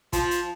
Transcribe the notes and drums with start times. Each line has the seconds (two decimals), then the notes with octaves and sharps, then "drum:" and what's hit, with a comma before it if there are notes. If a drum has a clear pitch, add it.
0.13 F3, drum: kick, hi-hat
0.31 drum: hi-hat